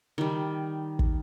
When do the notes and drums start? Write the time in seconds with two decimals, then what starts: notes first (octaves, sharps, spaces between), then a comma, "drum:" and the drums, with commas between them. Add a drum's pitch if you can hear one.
0.18 D#3 G3
0.99 drum: kick